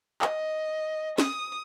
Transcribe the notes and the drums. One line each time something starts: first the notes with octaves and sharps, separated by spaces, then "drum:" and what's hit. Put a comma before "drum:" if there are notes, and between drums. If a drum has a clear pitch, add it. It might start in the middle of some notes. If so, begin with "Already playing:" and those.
D#5, drum: clap
D#6, drum: snare